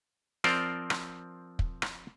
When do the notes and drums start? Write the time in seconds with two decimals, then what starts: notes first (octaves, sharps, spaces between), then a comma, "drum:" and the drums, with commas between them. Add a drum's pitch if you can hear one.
0.44 F3 C4 A#4 C5 D5, drum: rim click
0.90 drum: rim click
1.59 drum: kick
1.82 drum: rim click